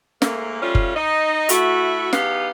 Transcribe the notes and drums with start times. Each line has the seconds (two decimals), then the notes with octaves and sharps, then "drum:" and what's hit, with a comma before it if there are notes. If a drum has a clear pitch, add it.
0.22 G#2 A3 A#3, drum: snare
0.61 G3 A3 C#4 F4
0.75 drum: kick F#1
0.96 D#4 D#5
1.49 A3 E4 F#4, drum: hi-hat
2.13 E2 B3 D#4 G4 F5, drum: snare